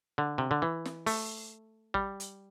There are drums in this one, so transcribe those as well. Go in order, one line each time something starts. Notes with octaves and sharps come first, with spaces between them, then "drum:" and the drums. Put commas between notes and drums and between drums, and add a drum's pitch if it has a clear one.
D3
C3
D3
E3
drum: snare
A3, drum: open hi-hat
G3, drum: kick
drum: hi-hat